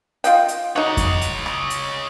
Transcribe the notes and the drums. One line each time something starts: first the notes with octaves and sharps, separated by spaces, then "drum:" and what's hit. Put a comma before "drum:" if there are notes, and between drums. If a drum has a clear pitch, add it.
F4 D#5 G5, drum: hi-hat
drum: hi-hat
D#4 F#4 C#5 D#5
drum: kick F2, hi-hat
drum: hi-hat
drum: rim click
drum: hi-hat